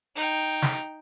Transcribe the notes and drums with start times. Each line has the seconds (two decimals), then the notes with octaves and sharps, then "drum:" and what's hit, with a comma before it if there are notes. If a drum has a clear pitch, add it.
0.16 D#4 G5
0.62 drum: snare